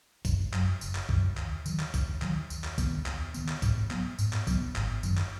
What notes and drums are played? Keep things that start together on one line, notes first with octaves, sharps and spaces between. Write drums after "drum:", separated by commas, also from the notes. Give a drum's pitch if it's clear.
F#1, drum: kick A#1, tambourine
F#2 F#3, drum: clap
F#1, drum: tambourine
drum: clap
F#2 F#3, drum: kick A#1
D#2, drum: clap
D#3 F#3, drum: tambourine
drum: clap
D#2, drum: kick A#1, tambourine
D#3 F#3, drum: clap
D#2, drum: tambourine
drum: clap
D#3 B3, drum: kick A#1, tambourine
D#2, drum: clap
D#3 B3, drum: tambourine
drum: clap
G#2, drum: kick A#1, tambourine
F#3 B3, drum: clap
G#2, drum: tambourine
drum: clap
F#3 B3, drum: kick A#1, tambourine
G#1, drum: clap
F#2 D#3, drum: tambourine
drum: clap